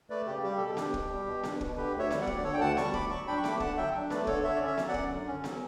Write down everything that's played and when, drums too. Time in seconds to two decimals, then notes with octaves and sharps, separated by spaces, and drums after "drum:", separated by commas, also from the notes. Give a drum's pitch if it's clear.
0.10 A3 B4 D5
0.27 C#3 G4
0.43 G3 G4
0.57 B2 A4
0.71 G4
0.77 D4, drum: snare B3
0.94 B2, drum: kick
1.11 G3
1.27 B2
1.44 D4, drum: snare B3
1.61 B2, drum: kick
1.77 D3 G4 B4
1.93 D2
1.99 C#5 E5
2.11 G3, drum: snare B3
2.21 D5 F#5
2.27 D2, drum: kick
2.37 D5
2.43 D3 A4 C#5
2.53 G5
2.60 D2 F#5 A5
2.77 G3 A5 C#6, drum: snare B3
2.93 D2 B5 D6, drum: kick
3.10 F#3 A5 C#6
3.27 D4 G5 B5
3.37 C#6
3.44 A3 B5 D6, drum: snare B3
3.60 D3 F#5 A5, drum: kick
3.77 F#3 E5 G5
3.95 D4
4.10 A3 B4 D5, drum: snare B3
4.27 D3 A4 C#5, drum: kick
4.44 D3 C#5 E5
4.55 D5
4.61 C#4
4.66 C#5 E5
4.78 F#3, drum: snare B3
4.88 D5 F#5
4.94 F#2, drum: kick
5.11 D3
5.27 C#4
5.44 F#3, drum: snare B3